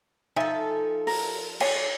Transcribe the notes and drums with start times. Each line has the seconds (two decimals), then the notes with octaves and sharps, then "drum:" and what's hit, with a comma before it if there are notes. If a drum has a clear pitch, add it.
0.36 F3 D#4 A4 E5 G#5
1.07 A#4, drum: open hi-hat
1.60 C#5 G#5, drum: cymbal